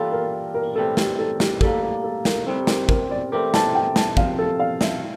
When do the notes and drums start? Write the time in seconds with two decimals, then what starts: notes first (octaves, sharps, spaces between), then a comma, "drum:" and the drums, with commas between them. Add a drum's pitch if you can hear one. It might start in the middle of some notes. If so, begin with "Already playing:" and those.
Already playing: E3 G3 A#3 F4 A4
0.12 A#4
0.54 A#4
0.75 A2 E3 G3 C4 A4
0.97 G4, drum: snare
1.19 A4
1.40 G4, drum: snare
1.61 A2 G3 A#3 A4, drum: kick
1.83 A4
2.04 A4
2.25 A#4, drum: snare
2.46 C2 C3 G3 C4 A4
2.67 A#4, drum: snare
2.89 A#4, drum: kick
3.11 D5
3.32 E3 A3 C4 G4 A#4
3.54 A5, drum: snare
3.75 G5
3.96 A5, drum: snare
4.17 C2 C3 F3 F5, drum: kick
4.39 A4
4.60 F5
4.81 E5, drum: snare